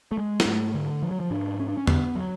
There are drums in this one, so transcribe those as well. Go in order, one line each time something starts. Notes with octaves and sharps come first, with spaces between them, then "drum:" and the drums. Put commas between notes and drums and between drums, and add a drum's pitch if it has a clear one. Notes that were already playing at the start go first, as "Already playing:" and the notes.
A3
G#3
B3, drum: snare
G#2 A3
D3
F3
F#3
F3
G#2 D4
C#4
D4
C#4
B3, drum: tom
F#3